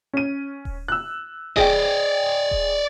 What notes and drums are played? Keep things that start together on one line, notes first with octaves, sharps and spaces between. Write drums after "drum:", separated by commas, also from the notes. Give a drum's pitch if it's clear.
C#4 D#7
drum: kick D#1
E6 F#6
G#4 D5 D#5 G5, drum: kick D#1
drum: kick D#1